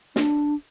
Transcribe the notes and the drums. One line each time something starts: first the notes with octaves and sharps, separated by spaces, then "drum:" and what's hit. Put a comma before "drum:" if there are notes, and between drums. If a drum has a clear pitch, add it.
D4, drum: snare